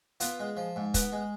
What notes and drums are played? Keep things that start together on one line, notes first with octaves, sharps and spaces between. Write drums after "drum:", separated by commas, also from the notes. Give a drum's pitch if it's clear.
B3 F4, drum: hi-hat
G#3
F3
G#2
B3, drum: kick, hi-hat
G#3